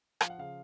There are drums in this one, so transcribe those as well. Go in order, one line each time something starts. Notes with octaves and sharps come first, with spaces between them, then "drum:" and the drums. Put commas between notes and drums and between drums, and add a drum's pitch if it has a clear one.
F3 F5, drum: rim click
F#5
C#3 F5